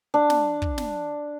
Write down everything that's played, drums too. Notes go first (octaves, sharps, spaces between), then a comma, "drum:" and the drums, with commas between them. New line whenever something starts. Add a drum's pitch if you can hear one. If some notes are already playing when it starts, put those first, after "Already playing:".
D4
drum: snare
drum: kick
drum: snare